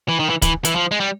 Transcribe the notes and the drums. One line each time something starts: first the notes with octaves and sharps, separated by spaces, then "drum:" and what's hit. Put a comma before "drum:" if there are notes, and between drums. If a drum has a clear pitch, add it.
E3
D#3
E3
E3, drum: kick, hi-hat
E3, drum: hi-hat
F3
G#3
G3